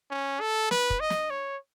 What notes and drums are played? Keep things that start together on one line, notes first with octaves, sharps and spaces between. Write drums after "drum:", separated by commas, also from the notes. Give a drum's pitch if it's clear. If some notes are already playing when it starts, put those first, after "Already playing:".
C#4
A4
B4, drum: snare
drum: kick
D#5
drum: snare
C#5